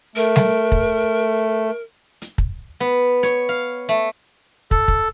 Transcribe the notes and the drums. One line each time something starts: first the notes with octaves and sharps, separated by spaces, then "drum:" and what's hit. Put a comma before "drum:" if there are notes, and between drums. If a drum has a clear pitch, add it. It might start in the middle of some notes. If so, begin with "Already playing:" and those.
A3 A#4
drum: snare G3
drum: kick
drum: hi-hat
drum: kick
B3
C#5, drum: hi-hat
F5
A3
A4, drum: kick
drum: kick